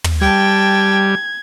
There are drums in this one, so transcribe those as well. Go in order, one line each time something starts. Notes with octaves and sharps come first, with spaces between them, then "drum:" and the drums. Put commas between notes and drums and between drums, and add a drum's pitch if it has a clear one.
drum: tom
G3 G5 A5 G#6